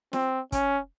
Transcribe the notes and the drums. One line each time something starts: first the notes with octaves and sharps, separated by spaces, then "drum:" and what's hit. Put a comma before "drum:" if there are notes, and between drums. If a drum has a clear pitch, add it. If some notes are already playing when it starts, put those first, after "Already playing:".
C4, drum: snare
C#4, drum: kick, hi-hat